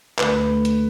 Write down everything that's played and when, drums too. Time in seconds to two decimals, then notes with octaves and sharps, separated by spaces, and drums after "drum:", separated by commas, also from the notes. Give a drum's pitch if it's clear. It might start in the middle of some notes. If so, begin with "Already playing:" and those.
0.19 D2 B4, drum: clap
0.50 A3
0.65 drum: hi-hat